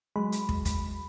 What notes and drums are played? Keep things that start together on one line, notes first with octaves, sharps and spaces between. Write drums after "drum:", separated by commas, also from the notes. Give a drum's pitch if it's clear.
F#3 G#3 B5
drum: hi-hat
drum: kick
drum: kick, hi-hat